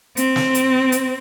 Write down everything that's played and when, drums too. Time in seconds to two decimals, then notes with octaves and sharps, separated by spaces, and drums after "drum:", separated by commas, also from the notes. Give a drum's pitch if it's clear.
0.17 C4, drum: hi-hat
0.36 drum: snare
0.55 drum: hi-hat
0.92 drum: hi-hat